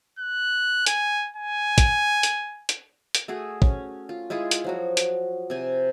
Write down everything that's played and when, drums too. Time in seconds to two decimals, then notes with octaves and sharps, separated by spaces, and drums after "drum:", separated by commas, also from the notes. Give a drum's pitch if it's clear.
0.19 F#6
0.86 G#5, drum: hi-hat
1.36 G#5
1.78 drum: kick, hi-hat
2.23 drum: hi-hat
2.69 drum: hi-hat
3.15 drum: hi-hat
3.28 A3 F#4 G#4
3.62 C#4, drum: kick
4.09 F4
4.30 G#3 E4 F4 G#4
4.51 drum: hi-hat
4.64 F3 F#3 F#4
4.97 drum: hi-hat
5.50 C3 G#5